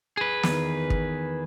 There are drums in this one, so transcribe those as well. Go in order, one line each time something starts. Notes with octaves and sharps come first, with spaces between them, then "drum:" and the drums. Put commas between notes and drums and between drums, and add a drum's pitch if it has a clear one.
G#4 B4
E2 D#3, drum: snare
drum: kick